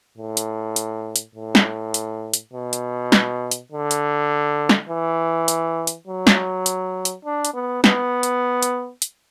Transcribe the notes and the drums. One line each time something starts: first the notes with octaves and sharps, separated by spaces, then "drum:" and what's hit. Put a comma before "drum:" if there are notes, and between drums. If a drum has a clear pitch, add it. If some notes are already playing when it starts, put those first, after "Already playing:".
A2
drum: hi-hat
drum: hi-hat
drum: hi-hat
A2
drum: snare
drum: hi-hat
drum: hi-hat
B2
drum: hi-hat
drum: snare
drum: hi-hat
D3
drum: hi-hat
drum: snare
E3
drum: hi-hat
drum: hi-hat
F#3
drum: snare
drum: hi-hat
drum: hi-hat
D4
drum: hi-hat
B3
B3, drum: snare
drum: hi-hat
drum: hi-hat
drum: hi-hat